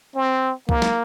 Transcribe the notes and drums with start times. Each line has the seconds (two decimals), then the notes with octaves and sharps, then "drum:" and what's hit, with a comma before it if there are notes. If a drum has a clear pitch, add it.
0.15 C4
0.69 A#3, drum: kick C2
0.82 drum: snare